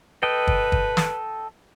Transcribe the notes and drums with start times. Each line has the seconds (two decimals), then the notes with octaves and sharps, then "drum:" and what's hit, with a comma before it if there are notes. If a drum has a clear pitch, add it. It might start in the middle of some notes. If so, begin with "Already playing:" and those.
0.23 A4 B4 D#5 G5
0.47 drum: kick
0.72 drum: kick
0.97 drum: snare